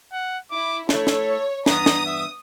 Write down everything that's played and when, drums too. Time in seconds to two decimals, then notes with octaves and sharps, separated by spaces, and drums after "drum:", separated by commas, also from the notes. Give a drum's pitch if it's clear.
0.13 F#5
0.51 E4 D6
0.89 A3 E4 A4 C#5, drum: snare
1.07 drum: snare
1.66 E2 G2 B3 A#5 D#6, drum: snare
1.86 drum: snare
2.06 E5